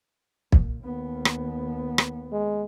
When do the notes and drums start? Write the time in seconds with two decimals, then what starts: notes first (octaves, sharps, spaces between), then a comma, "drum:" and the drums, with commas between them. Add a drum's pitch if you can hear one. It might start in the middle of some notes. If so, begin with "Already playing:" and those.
0.52 A#2, drum: kick
0.84 D#2 B3
1.25 drum: rim click
1.98 drum: rim click
2.32 G#3